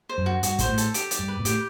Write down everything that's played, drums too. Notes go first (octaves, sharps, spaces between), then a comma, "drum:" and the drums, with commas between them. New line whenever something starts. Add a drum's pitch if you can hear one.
C5
F#2
F#4
G2 F#4, drum: hi-hat
A#2 C5, drum: kick A1, hi-hat
A2
A4, drum: hi-hat
G4, drum: hi-hat
D5, drum: hi-hat
G2
B4
A#2
A2 G4, drum: hi-hat